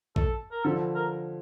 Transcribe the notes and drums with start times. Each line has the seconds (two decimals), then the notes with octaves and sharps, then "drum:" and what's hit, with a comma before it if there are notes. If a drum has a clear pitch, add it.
0.16 A4, drum: kick A1
0.52 A#4
0.64 D3 F3 A4
0.95 A#4